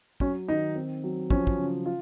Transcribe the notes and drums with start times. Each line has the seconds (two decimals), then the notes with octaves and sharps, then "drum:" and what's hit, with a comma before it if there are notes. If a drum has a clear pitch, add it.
0.20 F#3 C#4, drum: kick
0.48 D#3 D#4
0.76 C4
1.04 F#3
1.30 F3 C#4, drum: kick
1.47 drum: kick
1.59 C#3
1.86 F4